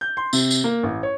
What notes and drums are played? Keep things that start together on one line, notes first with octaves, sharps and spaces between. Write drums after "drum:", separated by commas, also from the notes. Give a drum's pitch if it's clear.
G6
C6
C3, drum: tambourine
drum: tambourine
A#3
A1
C#5